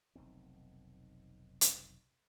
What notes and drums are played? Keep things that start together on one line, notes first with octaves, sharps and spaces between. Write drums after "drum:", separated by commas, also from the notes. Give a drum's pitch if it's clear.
F1 B1 D#3 C4
drum: hi-hat